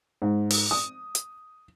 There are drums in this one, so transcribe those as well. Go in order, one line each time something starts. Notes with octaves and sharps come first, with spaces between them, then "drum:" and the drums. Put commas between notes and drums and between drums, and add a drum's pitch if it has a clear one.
G#2
drum: open hi-hat
D#6
drum: hi-hat